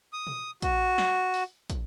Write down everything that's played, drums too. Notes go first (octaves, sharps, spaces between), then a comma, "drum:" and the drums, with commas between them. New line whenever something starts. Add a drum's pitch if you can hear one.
D#6
drum: tom A#2
F#4, drum: kick, hi-hat
drum: snare
drum: open hi-hat
drum: kick, hi-hat